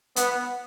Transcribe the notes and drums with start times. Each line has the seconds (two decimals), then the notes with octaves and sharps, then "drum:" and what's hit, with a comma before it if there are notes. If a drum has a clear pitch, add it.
0.16 B3, drum: hi-hat